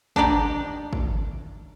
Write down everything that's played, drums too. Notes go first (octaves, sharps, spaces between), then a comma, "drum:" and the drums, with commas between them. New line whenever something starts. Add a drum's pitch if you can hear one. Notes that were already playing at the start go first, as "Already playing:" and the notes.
D4 D#4 G4 D5, drum: kick
drum: kick